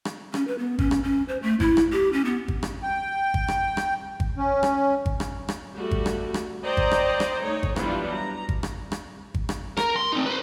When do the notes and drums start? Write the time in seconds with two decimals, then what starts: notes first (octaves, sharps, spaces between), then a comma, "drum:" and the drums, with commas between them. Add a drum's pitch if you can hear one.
0.05 drum: rim click
0.34 C#4, drum: rim click
0.48 B4
0.59 B3
0.79 C#4, drum: kick G#1
0.91 drum: rim click
1.03 C#4
1.28 C5
1.43 A3
1.60 E4, drum: kick G#1
1.77 drum: rim click
1.92 G4
2.13 C#4
2.25 B3
2.48 drum: kick G#1
2.63 drum: rim click
2.83 G5
3.34 drum: kick G#1
3.48 drum: rim click
3.77 drum: rim click
4.20 drum: kick G#1
4.38 C#4
4.63 drum: rim click
5.06 drum: kick G#1
5.20 drum: rim click
5.49 drum: rim click
5.76 G3 A3 F#4
5.91 drum: kick G#1
6.06 drum: rim click
6.34 drum: rim click
6.63 C5 D5 D#5 G5 A#5
6.77 drum: kick G#1
6.91 drum: rim click
7.20 drum: rim click
7.43 A3 D#4 C#5
7.63 drum: kick G#1
7.76 E3 F#3 G3 B3 D4 F4, drum: rim click
8.13 A#5
8.49 drum: kick G#1
8.63 drum: rim click
8.92 drum: rim click
9.34 drum: kick G#1
9.49 drum: rim click
9.77 A#4, drum: rim click
9.96 C6
10.13 C4 D#4
10.26 B4 C5